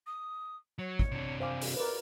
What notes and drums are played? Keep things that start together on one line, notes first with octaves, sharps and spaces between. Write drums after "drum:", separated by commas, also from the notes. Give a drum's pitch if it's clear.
D#6
F#3 C#5
drum: kick
C3 D4
C5 F5 G#5 D6
drum: open hi-hat
A#4 B4 D5